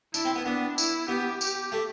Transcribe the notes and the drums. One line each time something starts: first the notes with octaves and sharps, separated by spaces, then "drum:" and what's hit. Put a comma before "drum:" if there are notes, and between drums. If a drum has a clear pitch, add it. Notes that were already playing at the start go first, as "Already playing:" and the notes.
D4 E4, drum: tambourine
C4
B3
B3 D4
E4, drum: tambourine
B3 G4
G4, drum: tambourine
A3